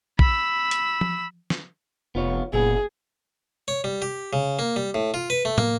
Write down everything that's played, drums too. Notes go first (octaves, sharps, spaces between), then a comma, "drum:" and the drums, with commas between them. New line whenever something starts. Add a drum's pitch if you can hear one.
B5 E6, drum: kick
drum: hi-hat
drum: tom F3
drum: snare
F1 B3 F4 C#5
F#1 A#2 B3 G#4
C#5
G3
G4
C#3
A#3
G3
A2
F4
B4
A3
A#3, drum: tom